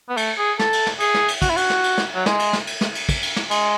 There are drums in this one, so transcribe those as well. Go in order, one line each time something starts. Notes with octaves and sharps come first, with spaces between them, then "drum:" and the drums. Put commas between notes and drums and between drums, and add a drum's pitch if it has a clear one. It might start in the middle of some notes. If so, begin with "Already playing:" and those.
B3
A3, drum: cymbal
G#4
A4, drum: snare
drum: cymbal
drum: snare
G#4, drum: cymbal
drum: snare
drum: cymbal
F#4, drum: kick, cymbal
E4
F#4, drum: cymbal
drum: snare
drum: cymbal
drum: snare
F#3
G#3, drum: snare
drum: cymbal
drum: snare
drum: cymbal
drum: snare
drum: cymbal
drum: kick, cymbal
drum: cymbal
drum: snare
G#3, drum: cymbal